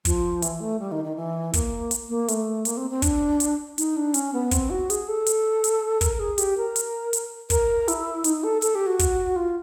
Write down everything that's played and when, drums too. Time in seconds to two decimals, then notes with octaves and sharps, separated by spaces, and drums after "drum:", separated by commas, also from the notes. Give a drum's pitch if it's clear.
0.05 F3, drum: kick, hi-hat
0.42 E3, drum: hi-hat
0.60 A3
0.79 G3
0.92 D#3
1.04 D#3
1.16 E3
1.53 A#3, drum: kick, hi-hat
1.91 drum: hi-hat
2.09 A#3
2.28 A3, drum: hi-hat
2.65 A#3, drum: hi-hat
2.77 C4
2.91 C4
3.02 D4, drum: kick, hi-hat
3.40 drum: hi-hat
3.78 D#4, drum: hi-hat
3.96 D4
4.14 C#4, drum: hi-hat
4.33 B3
4.51 C4, drum: kick, hi-hat
4.70 F#4
4.90 G#4, drum: hi-hat
5.08 A4
5.26 drum: hi-hat
5.64 drum: hi-hat
6.01 A#4, drum: kick, hi-hat
6.20 G#4
6.38 G4, drum: hi-hat
6.58 A#4
6.76 drum: hi-hat
7.13 drum: hi-hat
7.50 A#4, drum: kick, hi-hat
7.88 E4, drum: hi-hat
8.24 D#4, drum: hi-hat
8.44 A4
8.62 A4, drum: hi-hat
8.75 G4
8.86 F#4
8.99 drum: kick, hi-hat
9.36 F4